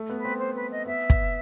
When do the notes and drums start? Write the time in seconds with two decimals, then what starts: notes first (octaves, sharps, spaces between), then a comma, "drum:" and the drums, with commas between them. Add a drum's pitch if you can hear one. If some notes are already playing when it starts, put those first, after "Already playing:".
Already playing: A3
0.10 B3
0.17 B4
0.24 C4
0.39 C5
0.56 B4
0.72 D#5
0.86 B3 E5
1.10 drum: kick